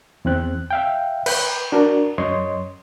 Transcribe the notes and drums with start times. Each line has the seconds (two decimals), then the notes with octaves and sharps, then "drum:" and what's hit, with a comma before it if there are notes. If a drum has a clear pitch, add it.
0.25 E2 C4 F#6
0.71 E5 F5 G5
1.26 B4 G6, drum: cymbal
1.72 D4 F#4 A#4
2.18 F#2 C#5 D#5 C6